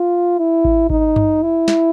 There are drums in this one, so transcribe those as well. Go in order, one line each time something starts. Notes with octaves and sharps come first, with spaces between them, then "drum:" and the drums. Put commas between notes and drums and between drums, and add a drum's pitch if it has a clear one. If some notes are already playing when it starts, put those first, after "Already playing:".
Already playing: F4
E4
drum: kick G#1
D#4, drum: kick G#1
drum: tom G2
E4
drum: snare